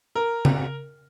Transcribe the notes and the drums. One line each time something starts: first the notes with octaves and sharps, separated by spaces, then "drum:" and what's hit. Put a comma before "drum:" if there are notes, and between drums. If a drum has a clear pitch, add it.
A#4
drum: tom C#3